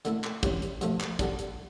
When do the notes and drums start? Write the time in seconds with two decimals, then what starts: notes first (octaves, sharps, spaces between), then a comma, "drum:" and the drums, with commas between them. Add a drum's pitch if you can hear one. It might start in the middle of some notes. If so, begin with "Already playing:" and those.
0.05 D3 A3 E4, drum: hi-hat
0.24 drum: clap
0.43 G2 E3 G3 C#4, drum: kick, hi-hat
0.62 drum: hi-hat
0.81 G2 F3 A3, drum: hi-hat
1.00 drum: clap
1.19 D3 G3 D4, drum: kick, hi-hat
1.39 drum: hi-hat